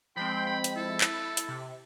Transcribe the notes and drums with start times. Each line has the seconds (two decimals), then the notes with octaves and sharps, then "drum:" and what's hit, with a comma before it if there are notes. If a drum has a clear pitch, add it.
0.17 F3 G#3 C4 G5 B5 C6 G6
0.46 B5
0.64 drum: hi-hat
0.76 E4 A4
1.01 drum: clap
1.37 drum: hi-hat
1.48 C3